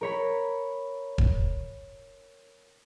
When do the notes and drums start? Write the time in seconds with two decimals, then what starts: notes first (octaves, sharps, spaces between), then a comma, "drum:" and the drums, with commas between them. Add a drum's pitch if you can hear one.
0.01 A#4 C#5 B5
1.18 drum: kick E1